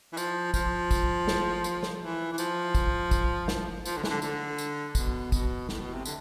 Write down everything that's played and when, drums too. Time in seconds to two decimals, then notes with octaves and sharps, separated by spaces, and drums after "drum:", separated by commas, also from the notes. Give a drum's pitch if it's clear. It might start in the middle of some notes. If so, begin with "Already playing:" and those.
0.13 E3
0.17 F3, drum: tambourine
0.54 F3, drum: kick, tambourine
0.91 drum: kick, tambourine
1.27 drum: snare
1.64 drum: tambourine
1.83 drum: snare
2.01 E3
2.32 E3
2.38 F3, drum: tambourine
2.75 drum: kick, tambourine
3.11 drum: kick, tambourine
3.48 drum: snare
3.85 F3, drum: tambourine
3.97 D3
4.04 E3, drum: snare
4.10 D3
4.22 D3, drum: tambourine
4.58 drum: tambourine
4.95 B2, drum: kick, tambourine
5.32 B2, drum: kick, tambourine
5.69 A2, drum: snare
5.81 B2
5.93 C3
6.05 D3, drum: tambourine